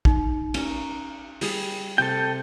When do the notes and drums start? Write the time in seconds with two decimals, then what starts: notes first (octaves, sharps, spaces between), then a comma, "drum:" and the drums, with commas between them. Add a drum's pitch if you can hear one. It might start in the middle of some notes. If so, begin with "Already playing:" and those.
0.05 D#4, drum: kick
0.54 C#4 A#4, drum: cymbal
1.41 G3 G#4, drum: open hi-hat
1.98 C3 A4 G5